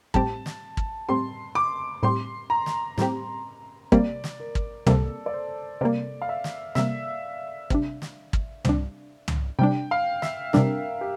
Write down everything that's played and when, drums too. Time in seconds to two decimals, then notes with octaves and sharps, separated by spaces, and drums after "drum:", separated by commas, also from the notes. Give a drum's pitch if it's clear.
0.14 A2 G3 C4 G4 A5, drum: kick
0.46 drum: snare
0.77 drum: kick
1.09 A2 G3 C4 G4 C6
1.55 D6
2.03 A2 G3 C4 G4 C6
2.50 A#5
2.66 drum: snare
2.98 A2 G3 C4 G4, drum: snare
3.92 C3 G3 A#3 D5, drum: kick
4.24 drum: snare
4.40 A#4
4.55 drum: kick
4.87 C3 G3 A#3 A4, drum: tom
5.26 D5
5.33 C5
5.81 C3 G3 A#3 D5
6.22 F5
6.29 E5
6.44 drum: snare
6.75 C3 G3 A#3 E5, drum: snare
7.70 C3 G3 D4, drum: kick
8.02 drum: snare
8.33 drum: kick
8.65 C3 G3 D4, drum: tom
9.28 drum: tom
9.59 C3 G3 D4 G5
9.91 F5
10.22 E5, drum: snare
10.53 C3 G3 D4 A#4, drum: snare
11.01 G4